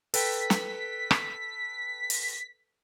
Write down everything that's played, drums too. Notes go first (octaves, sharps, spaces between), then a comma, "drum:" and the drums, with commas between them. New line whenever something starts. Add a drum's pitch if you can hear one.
A4 B4 G5 B6, drum: open hi-hat
drum: snare
drum: rim click
drum: open hi-hat